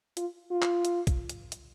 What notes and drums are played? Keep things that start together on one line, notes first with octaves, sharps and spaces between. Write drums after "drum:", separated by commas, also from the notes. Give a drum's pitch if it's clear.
F4, drum: hi-hat
F4
drum: clap
drum: hi-hat
drum: kick A#1, hi-hat
drum: hi-hat
drum: hi-hat